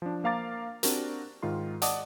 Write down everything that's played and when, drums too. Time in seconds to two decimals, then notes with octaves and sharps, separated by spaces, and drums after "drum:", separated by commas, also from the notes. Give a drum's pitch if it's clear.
0.02 F3 D4
0.24 A#3 C5 F5 A#5 D6 A6
0.83 C4 D4 F#4 G4 A#4, drum: hi-hat
1.43 G#2 D#3 F4 C6
1.82 D5 D#5 F#5 A5 D6 D#6, drum: hi-hat